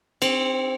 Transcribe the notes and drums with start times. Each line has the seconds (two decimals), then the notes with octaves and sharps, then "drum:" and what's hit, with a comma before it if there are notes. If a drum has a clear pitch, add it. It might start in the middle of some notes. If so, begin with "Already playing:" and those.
0.22 C4, drum: cymbal